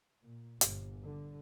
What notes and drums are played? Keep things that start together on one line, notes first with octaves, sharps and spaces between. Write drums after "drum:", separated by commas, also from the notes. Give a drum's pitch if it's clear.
A#2
G1, drum: hi-hat
D3